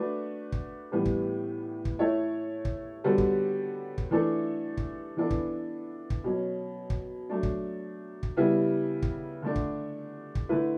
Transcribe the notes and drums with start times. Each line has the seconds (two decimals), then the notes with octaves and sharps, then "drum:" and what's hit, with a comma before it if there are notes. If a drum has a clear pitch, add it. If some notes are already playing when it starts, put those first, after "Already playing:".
Already playing: A3 D4 F#4 B4
0.52 drum: kick
0.92 A2 E3 G3 B3
1.06 drum: kick
1.85 drum: kick
1.99 A3 E4 A4 C#5
2.65 drum: kick
3.04 D3 G3 B3 F#4 A4
3.18 drum: kick
3.98 drum: kick
4.11 E3 A3 D4 A4
4.77 drum: kick
5.17 E3 B3 D4 A4
5.31 drum: kick
6.10 drum: kick
6.24 B2 F#3 C#4
6.90 drum: kick
7.29 F#3 A3 D4
7.43 drum: kick
8.23 drum: kick
8.36 C#3 G3 B3 E4
9.03 drum: kick
9.42 D3 A3 D4
9.56 drum: kick
10.35 drum: kick
10.49 D3 A3 E4 B4